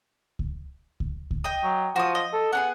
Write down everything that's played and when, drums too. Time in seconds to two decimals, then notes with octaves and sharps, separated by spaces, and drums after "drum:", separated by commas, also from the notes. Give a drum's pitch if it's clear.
0.39 drum: kick C#2
1.00 drum: kick C#2
1.31 drum: kick C#2
1.44 D#5 G5 D#6
1.63 F#3
1.96 F3 F#4 D#6
2.15 D#5
2.33 A4
2.53 B3 D4 G#4 F#5